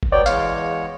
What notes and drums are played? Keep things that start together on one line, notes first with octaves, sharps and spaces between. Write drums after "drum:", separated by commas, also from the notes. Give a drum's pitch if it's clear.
drum: kick G1
F#3 B3 B4 C#5 D5 G5
E2 G#3 C#5 F5, drum: tambourine